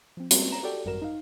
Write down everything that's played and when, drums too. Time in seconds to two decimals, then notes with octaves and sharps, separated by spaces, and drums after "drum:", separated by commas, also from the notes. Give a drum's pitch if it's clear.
0.17 F3 C4
0.31 G3 G#3 A#3 C4 C#4 F#4, drum: hi-hat
0.51 A#5 E7
0.63 F#4 G4 A4 D5 G5
0.85 G#1 F#2 G3 F#4 A#4 E7
1.02 D#4 F5